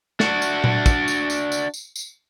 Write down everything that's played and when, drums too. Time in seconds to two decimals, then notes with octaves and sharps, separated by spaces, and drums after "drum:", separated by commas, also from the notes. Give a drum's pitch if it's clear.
0.20 D4 F#4, drum: snare
0.42 drum: tambourine
0.64 drum: tom A#2
0.86 drum: kick, tambourine
1.08 drum: tambourine
1.30 drum: tambourine
1.52 drum: tambourine
1.74 drum: tambourine
1.96 drum: tambourine